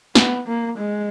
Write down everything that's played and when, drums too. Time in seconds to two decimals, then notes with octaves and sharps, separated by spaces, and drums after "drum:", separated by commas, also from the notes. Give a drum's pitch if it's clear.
0.15 B3, drum: snare
0.47 A#3
0.78 G#3